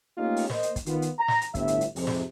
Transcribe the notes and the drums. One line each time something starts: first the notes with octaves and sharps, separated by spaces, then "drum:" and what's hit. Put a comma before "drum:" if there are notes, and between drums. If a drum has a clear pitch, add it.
A3 A#3 C#4 D#4 F4 G4
drum: open hi-hat
A#3 C5 D#5, drum: snare
drum: hi-hat
drum: kick, hi-hat
D#3 B3 F4, drum: hi-hat
drum: hi-hat
A#5
drum: snare
drum: hi-hat
G1 A2 E5, drum: kick, hi-hat
drum: hi-hat
drum: hi-hat
F2 G#2 C3, drum: open hi-hat
drum: snare